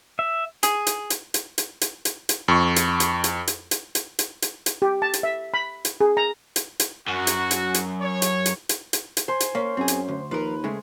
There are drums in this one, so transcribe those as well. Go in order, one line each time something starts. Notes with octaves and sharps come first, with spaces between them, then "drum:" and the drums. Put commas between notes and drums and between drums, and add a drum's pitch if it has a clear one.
E5
G#4, drum: hi-hat
drum: hi-hat
drum: hi-hat
drum: hi-hat
drum: hi-hat
drum: hi-hat
drum: hi-hat
drum: hi-hat
F2 C#6
drum: hi-hat
drum: hi-hat
drum: hi-hat
drum: hi-hat
drum: hi-hat
drum: hi-hat
drum: hi-hat
drum: hi-hat
drum: hi-hat
G4
A5
drum: hi-hat
E5
B5
drum: hi-hat
G#4
A#5
drum: hi-hat
drum: hi-hat
F#2 F#4
drum: hi-hat
drum: hi-hat
drum: hi-hat
C#5
drum: hi-hat
drum: hi-hat
drum: hi-hat
drum: hi-hat
drum: hi-hat
C5 G#5
drum: hi-hat
A#3 C#4
F#2 C4 G#4
drum: hi-hat
D2
D#2 F3 A#4 B4
C#3 G#3 A3